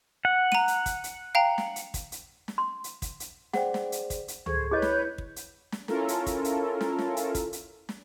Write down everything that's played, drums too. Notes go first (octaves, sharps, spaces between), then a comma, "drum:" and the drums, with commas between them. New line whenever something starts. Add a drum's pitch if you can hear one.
F#5
A#5 D#7, drum: snare
drum: hi-hat
drum: kick, hi-hat
drum: hi-hat
F5 G5 A#5
drum: snare
drum: hi-hat
drum: kick, hi-hat
drum: hi-hat
drum: snare
C6
drum: hi-hat
drum: kick, hi-hat
drum: hi-hat
G#4 C5 D5 F#5 G5, drum: snare
drum: snare
drum: hi-hat
drum: kick, hi-hat
drum: hi-hat
G#4 A4 C5 C#6 G#6, drum: tom C#2
E4 G#4 B4 C#5 D#5 G6
drum: snare
drum: kick
drum: hi-hat
drum: snare
C#4 E4 F4 A4 A#4, drum: snare
drum: hi-hat
drum: kick, hi-hat
drum: hi-hat
drum: snare
drum: snare
drum: hi-hat
drum: kick, hi-hat
drum: hi-hat
drum: snare